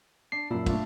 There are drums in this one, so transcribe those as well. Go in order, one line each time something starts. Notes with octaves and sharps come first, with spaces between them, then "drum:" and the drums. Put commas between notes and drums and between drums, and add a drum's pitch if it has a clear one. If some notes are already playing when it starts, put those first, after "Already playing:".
D4 C7
F#2 A#2 E4
A3 D4 F4, drum: kick, cymbal